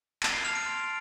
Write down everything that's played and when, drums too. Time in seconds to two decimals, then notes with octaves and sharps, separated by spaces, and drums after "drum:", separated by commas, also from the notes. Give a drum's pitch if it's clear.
0.23 A5 A6, drum: clap
0.33 C7
0.44 F6 F7
0.55 D7
0.66 C6